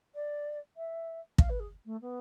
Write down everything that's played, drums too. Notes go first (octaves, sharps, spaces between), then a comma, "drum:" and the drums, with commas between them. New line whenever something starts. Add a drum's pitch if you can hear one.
D5
E5
F5, drum: kick
B4
G#4
A3
B3